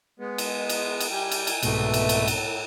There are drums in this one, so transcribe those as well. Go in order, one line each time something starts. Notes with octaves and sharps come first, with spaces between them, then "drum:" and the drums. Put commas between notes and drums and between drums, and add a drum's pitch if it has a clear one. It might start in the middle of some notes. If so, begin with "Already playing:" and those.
G#3 B3
drum: cymbal
drum: cymbal
drum: cymbal
G3 G5 G#5
drum: cymbal
drum: cymbal
C2 G#2 B2 E3 A3, drum: cymbal
drum: cymbal
drum: cymbal
A2, drum: cymbal